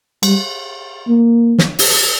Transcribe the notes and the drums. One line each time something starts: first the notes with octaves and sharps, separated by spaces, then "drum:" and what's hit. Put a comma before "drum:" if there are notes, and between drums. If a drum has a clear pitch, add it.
G3, drum: cymbal
A#3
drum: snare
drum: open hi-hat